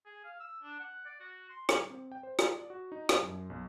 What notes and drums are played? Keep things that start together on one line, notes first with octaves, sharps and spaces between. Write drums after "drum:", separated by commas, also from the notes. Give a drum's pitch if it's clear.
G#4
F5
E6
D4
F#5
D5
F#4
C6
drum: rim click
C4
G5
C5
F4, drum: rim click
D5
F#4
D#4
drum: rim click
F#2
B1